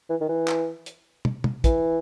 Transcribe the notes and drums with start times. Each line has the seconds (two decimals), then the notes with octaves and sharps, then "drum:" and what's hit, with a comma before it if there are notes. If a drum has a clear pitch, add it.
0.10 E3
0.21 D#3
0.29 E3
0.48 drum: clap
0.86 drum: hi-hat
1.25 drum: tom
1.44 drum: tom
1.64 E3, drum: kick, hi-hat